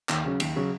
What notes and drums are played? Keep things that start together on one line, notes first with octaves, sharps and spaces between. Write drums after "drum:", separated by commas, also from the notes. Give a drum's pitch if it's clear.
D#2, drum: clap
C#3 F#3 C#4
D#2, drum: cymbal
C#3 F#3 C#4